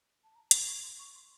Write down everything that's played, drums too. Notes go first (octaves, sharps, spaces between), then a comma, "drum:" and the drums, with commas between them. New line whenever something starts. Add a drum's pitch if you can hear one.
A5
A#5
C6, drum: hi-hat
C#6
C6
C#6
C6